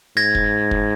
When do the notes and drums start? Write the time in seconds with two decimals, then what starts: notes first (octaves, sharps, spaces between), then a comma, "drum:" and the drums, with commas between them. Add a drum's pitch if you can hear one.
0.16 G#2 G#6 A#6
0.35 drum: kick
0.71 drum: kick